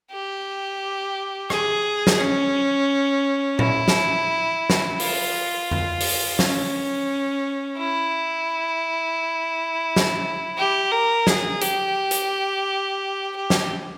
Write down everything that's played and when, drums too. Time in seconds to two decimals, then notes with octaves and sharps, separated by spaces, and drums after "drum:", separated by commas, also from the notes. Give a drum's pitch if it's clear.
0.11 G4
1.50 G#4, drum: rim click
2.07 drum: snare
2.19 C#4
3.59 E4, drum: tom A#2
3.88 drum: snare
4.70 drum: snare
5.00 F4, drum: open hi-hat
5.71 drum: tom F2
6.00 drum: open hi-hat
6.39 C#4, drum: snare
7.78 E4
9.96 drum: snare
10.57 G4
10.92 A#4
11.27 G#4, drum: snare
11.61 G4, drum: hi-hat
12.11 drum: hi-hat
13.36 G4
13.50 drum: snare